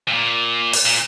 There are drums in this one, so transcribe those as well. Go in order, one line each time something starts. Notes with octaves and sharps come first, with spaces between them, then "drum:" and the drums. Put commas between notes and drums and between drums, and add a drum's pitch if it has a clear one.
A2
A#2
drum: open hi-hat
A#2